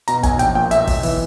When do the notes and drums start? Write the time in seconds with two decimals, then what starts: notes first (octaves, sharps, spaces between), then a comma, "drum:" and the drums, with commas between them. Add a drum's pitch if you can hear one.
0.08 B2 A#5, drum: hi-hat
0.23 B1 G#5, drum: kick G#1, hi-hat
0.39 A#1 G5, drum: hi-hat
0.55 A#2 G5
0.71 B1 E5, drum: hi-hat
0.87 B1, drum: kick G#1, open hi-hat
1.03 E3, drum: open hi-hat